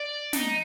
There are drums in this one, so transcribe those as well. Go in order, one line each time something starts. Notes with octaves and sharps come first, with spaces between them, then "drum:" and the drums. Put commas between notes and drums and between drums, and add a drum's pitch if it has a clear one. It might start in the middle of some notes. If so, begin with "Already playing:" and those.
Already playing: D5
D#4, drum: snare